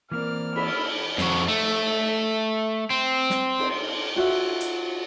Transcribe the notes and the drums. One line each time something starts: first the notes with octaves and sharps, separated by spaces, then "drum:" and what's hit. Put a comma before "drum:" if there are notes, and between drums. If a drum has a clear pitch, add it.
E3 A#3 C4 A#4 D5 F6
B5 E6, drum: cymbal
F2 F#4, drum: snare
A3
C4
drum: snare
drum: cymbal
F4 F#4 E5
drum: hi-hat